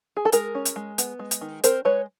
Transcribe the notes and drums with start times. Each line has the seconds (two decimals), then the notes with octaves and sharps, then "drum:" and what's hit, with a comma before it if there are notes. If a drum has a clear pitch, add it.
0.17 G#4
0.25 A4
0.32 G#3 G#4 A#4, drum: hi-hat
0.55 C#4
0.65 drum: hi-hat
0.76 G#3
0.98 B3, drum: hi-hat
1.19 G#3
1.31 drum: hi-hat
1.41 D#3
1.64 C4 A#4 C5, drum: hi-hat
1.85 G#3 B4 C#5